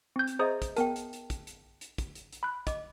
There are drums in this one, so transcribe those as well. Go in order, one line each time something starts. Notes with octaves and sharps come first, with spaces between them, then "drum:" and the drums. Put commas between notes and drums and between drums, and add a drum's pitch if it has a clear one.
C4 G6
drum: hi-hat
G#4 C5 D#5 E5 A#5 D#6
drum: kick, hi-hat
B3 A#4 G5 A5, drum: hi-hat
drum: hi-hat
drum: hi-hat
drum: kick, hi-hat
drum: hi-hat
drum: hi-hat
drum: kick, hi-hat
drum: hi-hat
drum: hi-hat
B5 F#6
D#5 D6, drum: kick, hi-hat